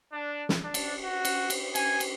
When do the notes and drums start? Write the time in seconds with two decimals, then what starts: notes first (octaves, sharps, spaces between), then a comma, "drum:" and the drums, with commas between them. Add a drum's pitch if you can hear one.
0.13 D4
0.49 drum: snare
0.64 D4
0.74 drum: cymbal
1.04 F#4
1.25 drum: cymbal
1.50 drum: cymbal
1.75 G#5, drum: cymbal
2.00 drum: cymbal